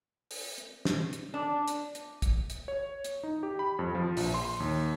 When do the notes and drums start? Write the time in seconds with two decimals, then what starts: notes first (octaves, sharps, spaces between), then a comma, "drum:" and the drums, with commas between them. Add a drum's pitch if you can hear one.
0.31 drum: open hi-hat
0.58 drum: hi-hat
0.85 drum: snare
1.13 drum: hi-hat
1.34 D4
1.68 drum: hi-hat
1.95 drum: hi-hat
2.22 drum: kick, hi-hat
2.50 drum: hi-hat
2.68 C#5
3.04 drum: hi-hat
3.23 D#4
3.43 G4
3.59 B5
3.79 F2
3.95 F3
4.17 A#1, drum: open hi-hat
4.34 C6
4.60 D#2